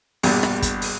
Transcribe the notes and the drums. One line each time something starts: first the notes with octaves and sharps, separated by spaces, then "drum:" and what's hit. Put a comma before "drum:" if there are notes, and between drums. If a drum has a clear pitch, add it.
A#1 E2 G2 B2, drum: open hi-hat
drum: rim click
drum: kick, hi-hat
drum: open hi-hat